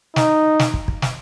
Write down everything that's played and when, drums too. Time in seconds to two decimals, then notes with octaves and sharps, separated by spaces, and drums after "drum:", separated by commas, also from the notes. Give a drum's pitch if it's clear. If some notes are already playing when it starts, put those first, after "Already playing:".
0.16 D#4, drum: snare
0.59 drum: snare
0.74 drum: kick
0.88 drum: kick
1.02 drum: snare